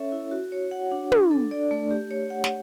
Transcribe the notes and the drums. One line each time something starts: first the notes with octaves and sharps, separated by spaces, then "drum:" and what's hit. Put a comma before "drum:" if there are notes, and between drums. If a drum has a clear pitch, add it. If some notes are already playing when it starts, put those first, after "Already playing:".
Already playing: C#4 A4 C#5 E5
E4
F#4
C#5
F#5
D4
D4, drum: tom
A4
D5
A3
G4
C#5
F#5
drum: snare